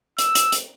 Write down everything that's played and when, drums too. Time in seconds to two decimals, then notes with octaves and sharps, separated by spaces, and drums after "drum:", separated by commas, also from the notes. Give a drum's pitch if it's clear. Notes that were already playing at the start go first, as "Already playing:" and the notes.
0.18 E6, drum: hi-hat
0.35 drum: hi-hat
0.52 drum: hi-hat